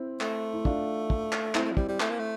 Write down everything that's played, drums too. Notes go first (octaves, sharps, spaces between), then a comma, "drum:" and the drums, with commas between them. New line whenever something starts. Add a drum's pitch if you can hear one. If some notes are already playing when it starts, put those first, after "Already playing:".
Already playing: C4 E4
A3, drum: clap
E4
D4 F4, drum: kick
drum: kick
drum: clap
A3 C4 E4, drum: clap
A3
F3
G3, drum: kick
G3
A3, drum: clap
A#3
A3